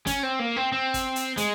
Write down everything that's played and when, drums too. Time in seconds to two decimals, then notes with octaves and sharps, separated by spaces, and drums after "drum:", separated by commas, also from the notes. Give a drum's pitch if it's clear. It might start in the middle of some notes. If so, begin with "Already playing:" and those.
0.07 C#4, drum: kick, hi-hat
0.23 C4
0.39 A#3
0.56 C4
0.72 C4
0.94 drum: kick, hi-hat
1.16 drum: hi-hat
1.37 G#3, drum: hi-hat